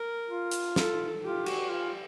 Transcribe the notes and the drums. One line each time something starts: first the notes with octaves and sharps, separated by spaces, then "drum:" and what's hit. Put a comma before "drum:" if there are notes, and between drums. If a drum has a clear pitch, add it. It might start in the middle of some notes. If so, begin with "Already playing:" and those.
Already playing: A#4
F4
drum: hi-hat
A4, drum: snare
F4 G4
F#4, drum: cymbal
F4